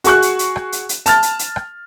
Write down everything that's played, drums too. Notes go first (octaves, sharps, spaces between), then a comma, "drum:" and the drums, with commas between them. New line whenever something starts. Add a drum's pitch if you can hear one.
F#4 G#4 C#6 F#6, drum: hi-hat
drum: hi-hat
drum: hi-hat
drum: rim click
drum: hi-hat
drum: hi-hat
A5 F6 A6, drum: hi-hat
drum: hi-hat
drum: hi-hat
drum: rim click